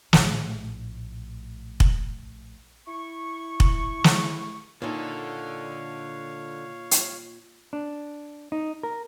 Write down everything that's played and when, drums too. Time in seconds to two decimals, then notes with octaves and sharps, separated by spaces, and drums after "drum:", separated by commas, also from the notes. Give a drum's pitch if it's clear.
0.13 A#1 A2, drum: snare
1.80 drum: kick
2.88 E4 C#6
3.60 drum: kick
4.04 drum: snare
4.82 A#2 D3 D#4 A4 C#5 F5
6.91 drum: hi-hat
7.73 D4
8.52 D#4
8.83 A#4